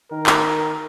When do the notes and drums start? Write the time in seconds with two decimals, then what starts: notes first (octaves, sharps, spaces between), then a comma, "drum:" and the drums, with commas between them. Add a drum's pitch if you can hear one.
0.11 D#3 A#4
0.26 drum: clap